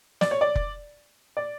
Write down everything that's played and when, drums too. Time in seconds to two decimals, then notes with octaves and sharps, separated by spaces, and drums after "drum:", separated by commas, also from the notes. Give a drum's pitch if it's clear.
0.21 D5, drum: snare
0.31 C#5
0.41 D5
0.55 drum: kick F1
1.37 D5